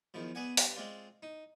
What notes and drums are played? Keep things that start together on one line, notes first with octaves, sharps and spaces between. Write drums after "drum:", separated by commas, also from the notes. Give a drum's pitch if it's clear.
E2 D#3 F3
B3 G#4 D5 F#5 G#5
G2, drum: open hi-hat
G#3 C4 D4 F4
D#4